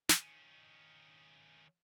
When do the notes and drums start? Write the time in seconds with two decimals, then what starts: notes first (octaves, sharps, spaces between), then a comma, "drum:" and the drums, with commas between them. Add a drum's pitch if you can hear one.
0.09 D#3 C#4, drum: snare